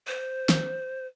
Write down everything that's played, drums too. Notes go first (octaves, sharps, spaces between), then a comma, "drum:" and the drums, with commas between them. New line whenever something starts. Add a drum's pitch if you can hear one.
C5
drum: snare